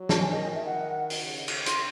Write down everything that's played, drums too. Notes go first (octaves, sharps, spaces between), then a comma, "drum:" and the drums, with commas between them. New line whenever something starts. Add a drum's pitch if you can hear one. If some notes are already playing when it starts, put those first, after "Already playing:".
Already playing: F#3
A5, drum: snare
G#5
D#3 D#5
D#5
E5
F#5
drum: open hi-hat
C#3
drum: cymbal
C6, drum: hi-hat